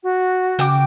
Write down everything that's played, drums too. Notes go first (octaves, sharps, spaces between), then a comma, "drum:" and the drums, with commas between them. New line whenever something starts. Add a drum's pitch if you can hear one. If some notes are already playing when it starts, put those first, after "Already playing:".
F#4
C#3 G5 D6, drum: hi-hat